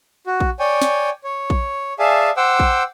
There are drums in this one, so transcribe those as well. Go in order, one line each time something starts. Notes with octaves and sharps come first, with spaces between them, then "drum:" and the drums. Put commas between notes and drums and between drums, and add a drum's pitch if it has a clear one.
F#4
drum: kick A#1
C#5 D5 G5 G#5
drum: snare
C#5
drum: kick A#1
G#4 D5 E5 F5 G#5 A5
C5 F#5 G5 D6 E6
drum: kick A#1